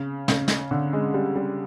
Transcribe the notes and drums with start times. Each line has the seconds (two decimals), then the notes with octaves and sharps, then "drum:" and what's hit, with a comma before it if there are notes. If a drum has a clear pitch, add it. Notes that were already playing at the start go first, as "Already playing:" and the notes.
Already playing: C#3
0.28 C#3, drum: snare
0.48 drum: snare
0.71 D3
0.93 G#3
1.14 G3
1.36 G3